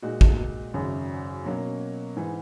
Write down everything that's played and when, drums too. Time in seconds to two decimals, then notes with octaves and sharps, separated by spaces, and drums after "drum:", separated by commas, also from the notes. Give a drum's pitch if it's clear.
0.02 A#2 G#3 D#4 F#4
0.21 drum: kick G#1
0.74 G#1 F#2 C#3
1.45 B2 F#3 A#3 C#4
2.16 G#2 E3 G#3